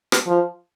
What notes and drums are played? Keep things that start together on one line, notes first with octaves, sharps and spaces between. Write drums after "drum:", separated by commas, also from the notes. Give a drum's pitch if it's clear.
drum: rim click
F3